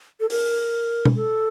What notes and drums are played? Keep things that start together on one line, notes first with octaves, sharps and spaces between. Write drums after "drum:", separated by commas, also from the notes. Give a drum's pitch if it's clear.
A4
A#4, drum: open hi-hat
drum: tom B2
A4